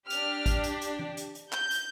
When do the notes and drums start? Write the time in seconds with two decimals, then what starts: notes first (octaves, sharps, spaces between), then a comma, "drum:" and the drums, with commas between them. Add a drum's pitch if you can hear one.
0.10 D4 G4 F6, drum: hi-hat
0.46 drum: kick, hi-hat
0.64 drum: hi-hat
0.81 drum: hi-hat
0.99 drum: tom E3
1.17 drum: hi-hat
1.35 drum: hi-hat
1.53 G6, drum: clap
1.71 drum: hi-hat